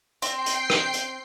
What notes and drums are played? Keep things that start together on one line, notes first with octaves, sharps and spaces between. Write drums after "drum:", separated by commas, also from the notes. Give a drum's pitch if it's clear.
C4 G5 C7, drum: hi-hat
drum: hi-hat
drum: rim click
drum: hi-hat